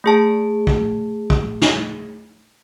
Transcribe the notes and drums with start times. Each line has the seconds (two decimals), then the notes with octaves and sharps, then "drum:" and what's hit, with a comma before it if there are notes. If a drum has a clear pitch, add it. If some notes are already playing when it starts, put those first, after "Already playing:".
0.04 A3 G#4 A5
0.67 drum: kick
1.30 drum: kick
1.62 drum: snare